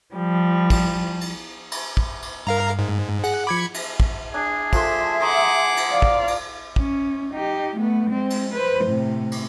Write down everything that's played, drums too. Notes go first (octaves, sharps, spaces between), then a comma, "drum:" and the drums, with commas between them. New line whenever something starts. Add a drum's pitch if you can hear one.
F3 G3
drum: kick, cymbal
drum: cymbal
drum: cymbal
drum: kick
drum: cymbal
G2 A#4 F5 A#5
G#2
G#4 F#5, drum: cymbal
F3 B5 D6 G#6 C#7
drum: cymbal
drum: kick
D4 G#4
F3 A3 E5 C6, drum: kick, cymbal
F#5 A#5 C6 D6 D#6
drum: cymbal
D5 F5
drum: kick
drum: cymbal
C#4, drum: kick
D#4 G4
A3 B3
G#3 C4
drum: cymbal
B4 C5
A2 C3
drum: cymbal